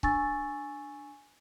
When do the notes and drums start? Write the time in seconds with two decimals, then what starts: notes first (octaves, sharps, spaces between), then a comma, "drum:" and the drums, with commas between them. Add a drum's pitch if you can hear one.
0.03 D4 G#5 C#6 E6 A6, drum: kick C#1